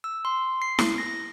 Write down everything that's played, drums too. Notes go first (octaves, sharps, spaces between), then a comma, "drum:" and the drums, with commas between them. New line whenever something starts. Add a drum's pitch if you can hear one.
E6
C6
C7
drum: snare E4
A#6